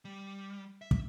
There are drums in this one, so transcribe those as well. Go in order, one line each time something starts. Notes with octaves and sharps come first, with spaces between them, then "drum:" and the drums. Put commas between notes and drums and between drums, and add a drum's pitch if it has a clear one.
G3
E5
drum: kick